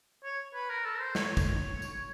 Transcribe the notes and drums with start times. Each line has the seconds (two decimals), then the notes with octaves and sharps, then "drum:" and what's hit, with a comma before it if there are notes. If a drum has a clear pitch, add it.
0.24 C#5
0.54 B4
0.69 A#4
0.85 A4
1.00 C5
1.15 C#5, drum: snare
1.37 drum: kick G#1, tambourine
1.82 drum: tambourine